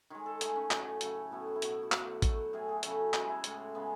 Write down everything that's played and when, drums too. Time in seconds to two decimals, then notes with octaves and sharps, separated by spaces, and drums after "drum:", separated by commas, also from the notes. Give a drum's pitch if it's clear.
0.10 D#3 G#3 C#5
0.26 A4
0.41 D#3 A3 G#4, drum: hi-hat
0.56 C#4
0.71 A2 F#3 A3 C#4, drum: clap
1.01 C#3 F#3 A3, drum: hi-hat
1.31 A2 F#3 A3 B3
1.47 F#4
1.56 E4
1.62 B2 A3 F#4, drum: hi-hat
1.72 E4
1.83 F#4
1.92 B2 F#3 A3, drum: clap
2.22 B2 F#3 A3, drum: kick A1, hi-hat
2.53 A2 F#3 A3 G#4
2.69 G#4
2.83 C#3 F#3 A3, drum: hi-hat
3.14 C#3 G#3 F#4, drum: clap
3.28 E4
3.44 A2 G#3, drum: hi-hat
3.75 C#3 G#3 B3